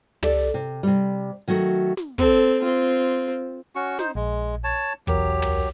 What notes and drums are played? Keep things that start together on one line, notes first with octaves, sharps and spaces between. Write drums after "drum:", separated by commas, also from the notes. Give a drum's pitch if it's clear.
G4 A4 D5, drum: tom
C3
C3 G3
D#3 F#3 A3 F#4
drum: snare
C4 A4, drum: kick
C4 F4
C#4 F#4 C#6
D#4 C5, drum: snare
A#1 G#3
C#5 A5
B1 E2 F#3 G4 A#4, drum: kick
drum: tom